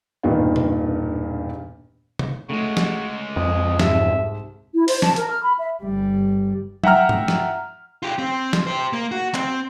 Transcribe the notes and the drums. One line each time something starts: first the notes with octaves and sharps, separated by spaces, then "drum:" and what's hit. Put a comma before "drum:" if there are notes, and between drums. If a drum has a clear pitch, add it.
E1 G2 A#2 D#3 B3 F4
drum: tom C3
drum: tom C3
C#3 G#3 A3 F#4
drum: snare
F2 D#5
C2 G#2 E5, drum: snare
E4
C5, drum: open hi-hat
A5, drum: snare
A#4, drum: hi-hat
F6
B5
E5
G1 G3
E5 F#5 G5 A#5 F6, drum: tom
drum: tom G2
drum: snare
F4 G4
C4
drum: snare
G4 C5
A#3
F#4
C4, drum: clap